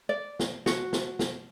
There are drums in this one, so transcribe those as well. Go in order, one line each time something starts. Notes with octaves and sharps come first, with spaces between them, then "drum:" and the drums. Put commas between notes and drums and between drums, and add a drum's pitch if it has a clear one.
D5
drum: snare
F#4, drum: snare
drum: snare
drum: snare